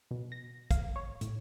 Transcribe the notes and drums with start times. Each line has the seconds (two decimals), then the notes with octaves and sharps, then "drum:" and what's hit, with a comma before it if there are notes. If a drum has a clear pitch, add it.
0.11 B2
0.32 A#6
0.71 F5, drum: kick, hi-hat
0.96 C#5
1.21 A2, drum: hi-hat